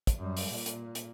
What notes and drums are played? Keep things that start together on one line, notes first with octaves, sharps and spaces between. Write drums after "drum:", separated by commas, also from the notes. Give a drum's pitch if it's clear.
drum: kick, hi-hat
F#2 G3
drum: open hi-hat
A#2
drum: hi-hat
drum: hi-hat